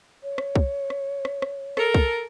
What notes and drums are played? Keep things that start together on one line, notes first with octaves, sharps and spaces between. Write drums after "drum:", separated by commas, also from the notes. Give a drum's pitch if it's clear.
C#5
drum: rim click
drum: kick
drum: rim click
drum: rim click
drum: rim click
A4 A#4, drum: rim click
drum: kick